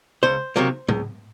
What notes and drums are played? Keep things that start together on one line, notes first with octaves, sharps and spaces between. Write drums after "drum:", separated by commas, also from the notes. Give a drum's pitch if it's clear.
C#2 C5
C3 D#3 F#3 A#3
C#2, drum: tom A2